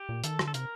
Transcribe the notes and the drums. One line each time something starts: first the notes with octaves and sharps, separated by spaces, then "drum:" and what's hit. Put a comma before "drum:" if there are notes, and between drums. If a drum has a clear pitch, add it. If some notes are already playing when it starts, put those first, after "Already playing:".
Already playing: G4
A#2
D#3 A4, drum: hi-hat
D3, drum: rim click
A4
C3 A#4, drum: hi-hat